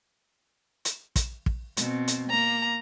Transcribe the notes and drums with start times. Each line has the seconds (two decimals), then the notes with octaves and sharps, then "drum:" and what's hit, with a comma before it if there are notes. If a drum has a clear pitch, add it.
0.85 drum: hi-hat
1.16 drum: kick, hi-hat
1.46 drum: kick
1.77 B2 C4, drum: hi-hat
2.08 drum: hi-hat
2.30 A#3 A#5